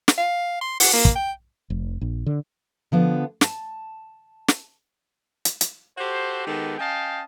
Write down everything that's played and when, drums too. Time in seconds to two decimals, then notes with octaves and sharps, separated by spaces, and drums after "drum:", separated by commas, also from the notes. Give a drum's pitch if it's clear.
0.08 drum: snare
0.18 F5
0.61 C6
0.80 F#5, drum: open hi-hat
0.93 A#3
1.05 drum: kick
1.15 G5
1.70 F1
2.01 A#1
2.26 D3
2.92 D3 F3 B3
3.41 A5, drum: snare
4.48 drum: snare
5.45 drum: hi-hat
5.61 drum: hi-hat
5.98 F#4 G4 A4 C5
6.46 D#3 G#3 B3 G4 A4
6.78 C#4 D#5 F5 G5 A5